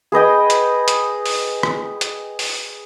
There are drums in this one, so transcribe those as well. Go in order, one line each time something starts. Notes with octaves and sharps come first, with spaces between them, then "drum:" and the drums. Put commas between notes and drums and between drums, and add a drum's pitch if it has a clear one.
G#4 B4 D#5 G5
drum: hi-hat
drum: hi-hat
drum: open hi-hat
drum: rim click
drum: hi-hat
drum: open hi-hat